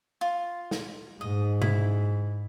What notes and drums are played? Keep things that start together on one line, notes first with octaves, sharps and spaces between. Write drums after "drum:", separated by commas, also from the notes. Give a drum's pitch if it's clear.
F4
drum: snare
G#2 D#5
E4, drum: tom B2